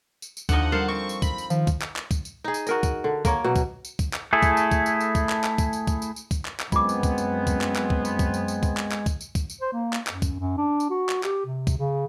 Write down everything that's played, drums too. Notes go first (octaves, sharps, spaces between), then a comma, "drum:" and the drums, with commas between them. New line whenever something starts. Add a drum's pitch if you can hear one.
drum: tambourine
drum: tambourine
D#2 D3 F3 D#4 F#5, drum: kick, tambourine
G3 A#4 C5 F5 A5
C4 C#6
drum: tambourine
B5, drum: kick, tambourine
drum: tambourine
D#3 F3, drum: tambourine
drum: kick, tambourine
drum: clap
drum: clap
drum: kick, tambourine
drum: tambourine
D#4 G#4
drum: tambourine
F#4 A#4 D#5, drum: tambourine
drum: kick, tambourine
D3
A#3 A#4 C#5, drum: kick, tambourine
B2 F#3
drum: kick, tambourine
drum: tambourine
drum: kick, tambourine
drum: clap
A3 E4 G#4 A4
drum: kick, tambourine
drum: tambourine
drum: kick, tambourine
drum: tambourine
drum: tambourine
drum: kick, tambourine
drum: clap
drum: clap
drum: kick, tambourine
drum: tambourine
drum: kick, tambourine
drum: tambourine
drum: tambourine
drum: kick, tambourine
drum: clap
drum: clap
F#2 G#3 B3 C4 F4 D6, drum: kick, tambourine
drum: tambourine
drum: kick, tambourine
drum: tambourine
drum: kick, tambourine
drum: clap
drum: clap
drum: kick
drum: tambourine
drum: kick, tambourine
drum: tambourine
drum: tambourine
drum: kick, tambourine
drum: clap
drum: clap
drum: kick, tambourine
drum: tambourine
drum: kick, tambourine
drum: tambourine
C5
A#3
drum: clap
F#2, drum: clap
drum: kick, tambourine
F#2
D4
drum: tambourine
F#4
drum: clap
G4, drum: clap
C3
drum: kick, tambourine
C#3